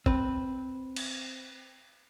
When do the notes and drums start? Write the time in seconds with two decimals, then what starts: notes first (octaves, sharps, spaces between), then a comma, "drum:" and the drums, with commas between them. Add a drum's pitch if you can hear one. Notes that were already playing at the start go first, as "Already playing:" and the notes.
0.06 C4 B4, drum: kick
0.96 drum: cymbal